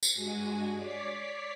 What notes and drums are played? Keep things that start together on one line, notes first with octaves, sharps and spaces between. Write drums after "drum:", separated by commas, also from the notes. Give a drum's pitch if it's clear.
drum: tambourine
G2 G#3 F#4 G#5
C#5 D5 D6 B6 C7